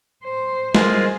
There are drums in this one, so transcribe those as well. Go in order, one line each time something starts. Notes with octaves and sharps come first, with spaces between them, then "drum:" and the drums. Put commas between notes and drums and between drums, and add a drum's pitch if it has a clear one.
C5
G3 G#3 F4 G#4 A#4 C5 G#5, drum: snare